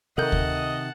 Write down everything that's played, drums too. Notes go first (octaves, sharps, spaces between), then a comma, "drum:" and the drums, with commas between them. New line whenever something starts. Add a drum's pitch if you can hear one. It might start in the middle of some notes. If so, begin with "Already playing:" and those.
C3 D#3 A4 A#4 D#5 F#5 A5 G6
drum: kick D2